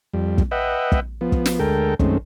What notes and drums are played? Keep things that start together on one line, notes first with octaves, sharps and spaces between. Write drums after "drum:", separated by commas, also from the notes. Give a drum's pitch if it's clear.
F2 G3
drum: kick
B4 D#5 E5 F#5 G5
drum: kick
F3 B3
drum: kick
drum: snare
D2 G#3 A4 A#4 G5
F#2 D#3 G#3 A3 C4 C#4, drum: kick